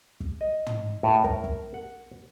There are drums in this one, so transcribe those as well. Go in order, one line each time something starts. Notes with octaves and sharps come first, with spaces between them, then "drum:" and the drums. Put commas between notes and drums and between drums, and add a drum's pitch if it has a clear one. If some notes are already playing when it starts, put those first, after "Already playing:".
drum: kick
D#5
drum: tom
A2
A#4, drum: kick
drum: kick
F#5